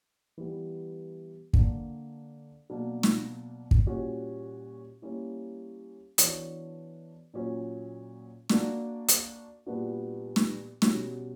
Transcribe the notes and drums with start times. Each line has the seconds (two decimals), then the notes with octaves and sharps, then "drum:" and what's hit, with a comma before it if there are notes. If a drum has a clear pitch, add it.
0.38 E3 G3 B3
1.54 D3 A#3 D4, drum: kick
2.70 B2 F#3 A#3 D4
3.03 drum: snare
3.71 drum: kick
3.86 A#2 G3 C#4 F#4
5.02 G3 A#3 C#4 E4
6.18 E3 B3 D4 F#4 C#5, drum: hi-hat
7.34 A#2 F#3 C#4
8.50 A#3 D4 F#4 A#4, drum: snare
9.08 drum: hi-hat
9.66 A#2 G3 B3 D4 F#4
10.36 drum: snare
10.82 B2 G3 C#4 F#4 A#4, drum: snare